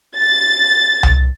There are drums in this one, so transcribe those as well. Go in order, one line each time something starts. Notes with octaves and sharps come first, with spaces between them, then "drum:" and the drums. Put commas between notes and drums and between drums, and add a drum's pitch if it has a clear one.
A6
drum: tom C2